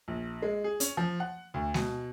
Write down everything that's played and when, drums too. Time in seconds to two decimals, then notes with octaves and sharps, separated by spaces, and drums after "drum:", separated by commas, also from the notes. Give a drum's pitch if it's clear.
0.08 A#1
0.42 G#3
0.64 G#4
0.80 C#4, drum: hi-hat
0.97 F3
1.20 F#5
1.54 D2
1.74 B2, drum: snare G#3